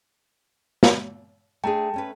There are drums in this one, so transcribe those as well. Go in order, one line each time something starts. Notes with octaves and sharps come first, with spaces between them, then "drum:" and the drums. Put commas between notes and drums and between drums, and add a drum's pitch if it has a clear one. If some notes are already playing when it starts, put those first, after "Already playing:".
drum: snare
A3 D4 G#4 G5 A5 A#5
A3 C#4 B4